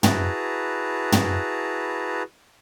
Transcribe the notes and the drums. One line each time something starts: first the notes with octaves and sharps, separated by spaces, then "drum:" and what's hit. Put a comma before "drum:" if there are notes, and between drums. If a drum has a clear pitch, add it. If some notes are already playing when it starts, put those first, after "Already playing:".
E4 F#4 G#4 B4 A5 A#5, drum: tom
drum: tom